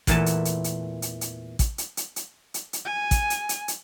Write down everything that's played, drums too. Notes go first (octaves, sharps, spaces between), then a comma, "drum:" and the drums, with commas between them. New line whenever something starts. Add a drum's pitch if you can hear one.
E2 A#2 E3 A3 A5, drum: kick, hi-hat
drum: hi-hat
drum: hi-hat
drum: hi-hat
drum: hi-hat
drum: hi-hat
drum: kick, hi-hat
drum: hi-hat
drum: hi-hat
drum: hi-hat
drum: hi-hat
drum: hi-hat
G#5
drum: kick, hi-hat
drum: hi-hat
drum: hi-hat
drum: hi-hat